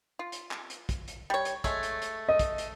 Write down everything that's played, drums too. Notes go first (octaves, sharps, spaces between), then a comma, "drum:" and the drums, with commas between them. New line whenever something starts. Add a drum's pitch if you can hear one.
F4
drum: hi-hat
drum: clap
drum: hi-hat
drum: kick, hi-hat
drum: hi-hat
G3 C#5
drum: hi-hat
G#3 A3 C#5, drum: kick, hi-hat
drum: hi-hat
drum: hi-hat
D#5
drum: kick, hi-hat
drum: hi-hat